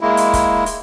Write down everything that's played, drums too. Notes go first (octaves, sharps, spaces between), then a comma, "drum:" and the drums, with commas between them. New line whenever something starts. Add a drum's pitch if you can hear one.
G#3 A#3 E4
drum: hi-hat
drum: kick, hi-hat
drum: hi-hat